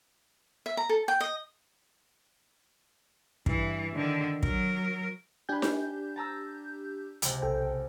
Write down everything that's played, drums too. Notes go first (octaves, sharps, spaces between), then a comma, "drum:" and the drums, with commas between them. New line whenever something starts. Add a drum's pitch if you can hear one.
E5
A#5
A4
G5
D#5
G2 E3, drum: kick
D3 D#3
F#3 A#4, drum: kick
D4 G4 B4 G#5 G6
drum: snare D#4
A5 A#5 E6
C#2 C3, drum: hi-hat
B1 A4 G5